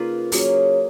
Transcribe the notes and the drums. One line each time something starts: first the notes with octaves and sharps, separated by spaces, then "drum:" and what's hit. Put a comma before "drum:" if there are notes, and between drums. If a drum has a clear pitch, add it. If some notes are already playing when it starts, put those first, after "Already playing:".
Already playing: C#3 A#3 D#4 F4 B4
F#3 A#3 C#4 G#4, drum: open hi-hat